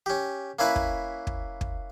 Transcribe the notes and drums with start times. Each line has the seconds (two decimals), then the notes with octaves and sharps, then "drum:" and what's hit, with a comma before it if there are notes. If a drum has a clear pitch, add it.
0.06 C#4 G4
0.59 A#3 C#4 E4 B4
0.76 drum: kick
1.27 drum: kick
1.61 drum: kick